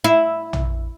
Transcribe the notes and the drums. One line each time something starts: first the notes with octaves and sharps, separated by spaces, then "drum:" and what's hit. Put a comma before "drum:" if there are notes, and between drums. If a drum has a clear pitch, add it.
E4
drum: tom